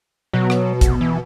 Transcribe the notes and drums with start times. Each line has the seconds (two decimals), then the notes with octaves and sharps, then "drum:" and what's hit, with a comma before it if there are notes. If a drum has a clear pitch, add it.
0.33 B2 F#3
0.50 drum: rim click
0.81 F1, drum: kick, hi-hat
1.01 E3